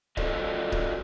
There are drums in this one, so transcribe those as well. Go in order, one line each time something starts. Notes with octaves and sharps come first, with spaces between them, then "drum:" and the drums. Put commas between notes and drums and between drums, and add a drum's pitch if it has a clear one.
F4 F#4 A4 C5 D5 D#5, drum: kick C#1
drum: kick C#1